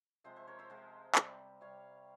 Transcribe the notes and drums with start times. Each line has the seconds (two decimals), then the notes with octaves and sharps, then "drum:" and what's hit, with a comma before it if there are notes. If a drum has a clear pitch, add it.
0.24 C3 F3 G#3 C5 E5
0.36 C5 E5
0.47 A#4 C#5
0.59 C5 E5
0.70 C3 F3 G#3
1.15 C3 G3, drum: clap
1.61 C3 G3 C#5 F5